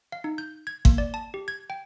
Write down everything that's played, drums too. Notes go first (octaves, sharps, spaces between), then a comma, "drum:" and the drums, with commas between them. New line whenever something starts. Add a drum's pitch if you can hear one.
F5
D#4
G6
G#6
A#3, drum: kick G1
D5
A5
G4
G#6
G5